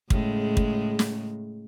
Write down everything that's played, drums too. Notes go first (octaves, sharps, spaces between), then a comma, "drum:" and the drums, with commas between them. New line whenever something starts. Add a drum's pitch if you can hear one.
A2 C#3 G#3, drum: kick
drum: kick
drum: snare